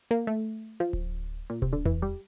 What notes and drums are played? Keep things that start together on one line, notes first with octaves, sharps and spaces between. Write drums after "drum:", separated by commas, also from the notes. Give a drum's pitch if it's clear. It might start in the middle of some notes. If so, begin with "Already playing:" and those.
A#3
A3
F3
drum: kick D1
A#2
C3, drum: kick D1
D3
E3, drum: tom E2
G3